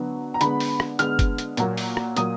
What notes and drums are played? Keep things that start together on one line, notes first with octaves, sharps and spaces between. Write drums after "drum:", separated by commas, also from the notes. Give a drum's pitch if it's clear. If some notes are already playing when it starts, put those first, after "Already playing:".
Already playing: D3 F#3 B3
A#5
D3 G#3 B3 B5, drum: hi-hat
drum: open hi-hat
drum: rim click
D3 G#3 B3 F6, drum: hi-hat
drum: kick F#1, hi-hat
drum: hi-hat
A#2 F#3 A#3, drum: hi-hat
drum: open hi-hat
drum: rim click
A#2 F#3 A#3 D#6, drum: hi-hat